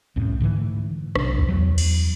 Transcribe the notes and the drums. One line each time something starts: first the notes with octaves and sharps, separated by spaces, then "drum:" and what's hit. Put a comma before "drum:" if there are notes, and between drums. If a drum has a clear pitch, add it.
C2 F2 A2 C#4
G#2 D3 E3 A3
B1 C3 D4, drum: rim click
drum: kick
E2 F#3
drum: cymbal